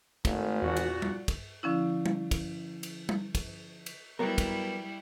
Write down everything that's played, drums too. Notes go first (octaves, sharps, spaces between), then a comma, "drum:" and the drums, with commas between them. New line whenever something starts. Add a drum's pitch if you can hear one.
G#1 A3, drum: kick, cymbal
E2 A#2 F#4
drum: cymbal
drum: tom G3
drum: kick, cymbal
D3 F3 C#4 E4
drum: tom G3
drum: kick, cymbal
drum: cymbal
drum: tom G3
drum: kick, cymbal
drum: cymbal
F#3 G3 B3 E4 A#4
drum: kick, cymbal